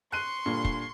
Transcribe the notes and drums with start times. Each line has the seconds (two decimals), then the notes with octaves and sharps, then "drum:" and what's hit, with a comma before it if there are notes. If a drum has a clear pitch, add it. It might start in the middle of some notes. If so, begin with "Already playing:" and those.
0.12 C6 C#6 F#6 D#7
0.46 G2 A#2 D3
0.65 drum: kick